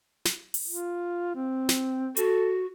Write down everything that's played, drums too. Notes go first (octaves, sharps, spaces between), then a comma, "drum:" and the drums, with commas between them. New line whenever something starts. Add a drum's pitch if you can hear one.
drum: snare
drum: open hi-hat
F4
C4
drum: snare
F#4 A4, drum: hi-hat